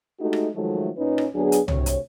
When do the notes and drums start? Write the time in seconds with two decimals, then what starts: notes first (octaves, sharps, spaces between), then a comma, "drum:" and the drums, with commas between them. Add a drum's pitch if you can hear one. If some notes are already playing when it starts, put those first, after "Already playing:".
0.20 G#3 A3 D#4 F#4 G4 A4
0.33 drum: rim click
0.55 D#3 F3 F#3 G#3 A3
0.97 A#2 C#4 D#4 B4
1.18 drum: rim click
1.35 D2 F#3 B3 D4 G#4
1.52 drum: hi-hat
1.68 D2 C3 C#5, drum: tom C2
1.86 drum: hi-hat